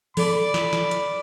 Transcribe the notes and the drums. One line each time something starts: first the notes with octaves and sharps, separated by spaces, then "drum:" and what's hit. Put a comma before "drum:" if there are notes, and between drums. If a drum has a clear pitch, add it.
F3 A4 D5 B5, drum: open hi-hat
drum: snare
drum: snare
drum: hi-hat